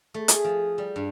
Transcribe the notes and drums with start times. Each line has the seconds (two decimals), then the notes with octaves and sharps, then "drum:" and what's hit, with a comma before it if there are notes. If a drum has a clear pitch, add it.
0.14 A3
0.28 G#4, drum: hi-hat
0.44 F3
0.78 G3
0.96 G2